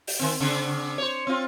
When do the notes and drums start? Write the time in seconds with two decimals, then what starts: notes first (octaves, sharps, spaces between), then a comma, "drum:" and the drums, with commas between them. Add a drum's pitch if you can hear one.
0.07 drum: open hi-hat
0.19 D#3 C4
0.40 C#3 C4 D4
0.98 C5 C#5
1.27 C4 F4